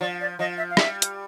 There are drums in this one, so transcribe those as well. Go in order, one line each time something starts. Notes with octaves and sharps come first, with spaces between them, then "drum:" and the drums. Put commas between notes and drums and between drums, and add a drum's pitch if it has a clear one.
F3 D5
D5
F3 D#5
E5
F5
G3 E5, drum: rim click
drum: hi-hat